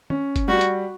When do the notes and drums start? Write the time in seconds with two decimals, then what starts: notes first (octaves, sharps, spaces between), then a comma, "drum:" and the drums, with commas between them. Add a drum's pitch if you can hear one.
0.10 C#4, drum: tom
0.36 drum: kick F#1, hi-hat
0.48 G3 F#4
0.61 drum: hi-hat